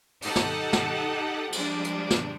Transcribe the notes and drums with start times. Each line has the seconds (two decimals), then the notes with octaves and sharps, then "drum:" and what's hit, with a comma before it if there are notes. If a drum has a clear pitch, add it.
0.22 D#4 G4 A4 F#5 A5, drum: open hi-hat
0.36 drum: snare
0.73 drum: snare
1.52 F3 G3 G#3 D4, drum: cymbal
1.85 drum: hi-hat
2.10 drum: snare